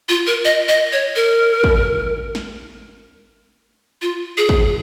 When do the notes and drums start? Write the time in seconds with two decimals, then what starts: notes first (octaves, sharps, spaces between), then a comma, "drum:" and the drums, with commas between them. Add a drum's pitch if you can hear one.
0.09 F4
0.27 A#4
0.45 D#5
0.68 D#5
0.92 C#5
1.16 A#4
1.64 drum: kick
2.35 drum: snare
4.02 F4
4.38 G#4
4.49 drum: kick